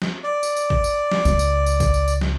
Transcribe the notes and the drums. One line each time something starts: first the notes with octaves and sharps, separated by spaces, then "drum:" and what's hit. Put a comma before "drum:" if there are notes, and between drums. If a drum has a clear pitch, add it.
drum: snare
D5
drum: tambourine
drum: tambourine
drum: kick
drum: tambourine
drum: snare
C#2, drum: tambourine
drum: tambourine
drum: tambourine
drum: kick, tambourine
drum: tambourine
drum: tambourine
drum: snare